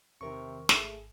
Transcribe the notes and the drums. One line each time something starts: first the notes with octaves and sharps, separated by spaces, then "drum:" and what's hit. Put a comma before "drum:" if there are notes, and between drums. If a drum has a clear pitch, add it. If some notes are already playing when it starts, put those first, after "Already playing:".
E2 C3 D#3 A#4 C#6
G#1 A3 G#4, drum: snare